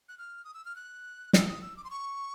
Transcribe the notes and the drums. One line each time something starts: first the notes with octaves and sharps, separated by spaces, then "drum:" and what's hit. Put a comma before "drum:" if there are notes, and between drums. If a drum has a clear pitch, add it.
F#6
F6
D#6
E6
F6
F#6
E6, drum: snare
D#6
E6
D6
C6
C#6